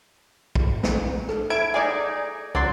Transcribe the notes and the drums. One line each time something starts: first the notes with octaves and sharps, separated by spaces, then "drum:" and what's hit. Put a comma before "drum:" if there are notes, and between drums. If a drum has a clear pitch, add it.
drum: kick
drum: snare
A4, drum: rim click
E4 G#6 D7
D#4 G#4 D5 G#5
C#2 F#3 D5 C6